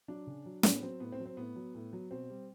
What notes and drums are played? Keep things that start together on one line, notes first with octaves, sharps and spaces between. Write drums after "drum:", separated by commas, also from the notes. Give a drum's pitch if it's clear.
F#3 D4
C#3
F#3
A2 C#4, drum: snare
B3
F#3 C4
A2 B3
C4
F#3
C4
A2 B3
F#3
A2
F#3
B2 C4
G3